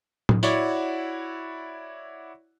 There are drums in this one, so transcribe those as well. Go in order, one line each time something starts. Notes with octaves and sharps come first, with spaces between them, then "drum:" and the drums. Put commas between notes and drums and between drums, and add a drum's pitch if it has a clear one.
drum: tom A2
E4 F#4 C#5 D5 F#5, drum: tambourine